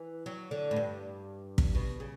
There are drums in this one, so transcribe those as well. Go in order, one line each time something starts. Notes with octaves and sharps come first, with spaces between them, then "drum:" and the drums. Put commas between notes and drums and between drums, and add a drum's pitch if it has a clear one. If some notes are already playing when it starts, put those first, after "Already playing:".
Already playing: E3
F#3
D3
A2
G2
drum: kick
B2
C#3